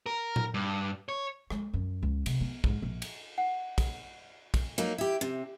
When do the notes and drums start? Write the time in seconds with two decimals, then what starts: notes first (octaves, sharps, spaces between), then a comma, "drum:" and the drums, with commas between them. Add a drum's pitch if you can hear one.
0.06 A#4
0.36 drum: tom A#2
0.54 G2
1.09 C#5
1.50 G#3, drum: rim click
1.73 F#2
2.03 C#2
2.26 C3, drum: cymbal
2.41 B3
2.64 G#2, drum: kick
2.82 A#1
3.02 drum: cymbal
3.38 F#5
3.78 drum: kick, cymbal
4.54 drum: kick, cymbal
4.78 F#3 A#3 D#4
4.98 E4 G4
5.21 C3